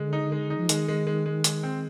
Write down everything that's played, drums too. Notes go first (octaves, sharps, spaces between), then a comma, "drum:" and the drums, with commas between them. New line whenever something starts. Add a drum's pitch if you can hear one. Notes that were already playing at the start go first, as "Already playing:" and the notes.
Already playing: D3 G#3
D#4
G#3
D#4
F3
D#3 G#3, drum: hi-hat
G#3
G#3
G#3
G#3, drum: hi-hat
C4